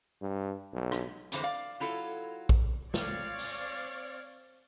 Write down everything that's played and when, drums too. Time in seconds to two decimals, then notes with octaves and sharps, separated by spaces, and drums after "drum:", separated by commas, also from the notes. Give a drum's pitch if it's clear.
0.22 G2
0.73 B1
0.92 drum: rim click
1.32 F2 D3 E3 G#3 C5, drum: hi-hat
1.43 D5 F5
1.80 F#3 E4 F4 A4
2.49 drum: kick A#1
2.94 C4 C#5 D5 F5, drum: snare
3.39 drum: open hi-hat